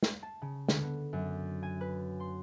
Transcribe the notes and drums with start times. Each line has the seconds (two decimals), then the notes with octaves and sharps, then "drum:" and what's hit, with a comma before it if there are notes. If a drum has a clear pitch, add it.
0.03 drum: snare
0.23 A5
0.42 C#3
0.68 D3, drum: snare
0.83 B3
1.13 F#2
1.63 G#5
1.81 B4
2.20 C6